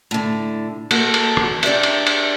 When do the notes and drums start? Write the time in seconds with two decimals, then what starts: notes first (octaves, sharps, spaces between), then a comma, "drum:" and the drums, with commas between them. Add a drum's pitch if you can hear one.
0.11 A2 D3
0.91 A#3 F#4 A4, drum: cymbal
1.14 drum: cymbal
1.37 drum: rim click
1.63 D4 G4 D5 E5, drum: cymbal
1.83 drum: cymbal
2.07 drum: cymbal